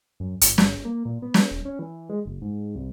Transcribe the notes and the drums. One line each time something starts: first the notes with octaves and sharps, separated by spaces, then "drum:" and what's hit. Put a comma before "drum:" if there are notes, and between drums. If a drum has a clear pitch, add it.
F#2
G1, drum: hi-hat
drum: snare
A#3
A#2
B3
drum: snare
E1
C#4
E3
G#3
F#1
G#2
C2